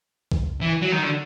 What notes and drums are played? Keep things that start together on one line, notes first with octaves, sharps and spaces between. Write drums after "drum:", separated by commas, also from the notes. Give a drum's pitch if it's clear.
drum: kick
E3
F#3
D#3
D3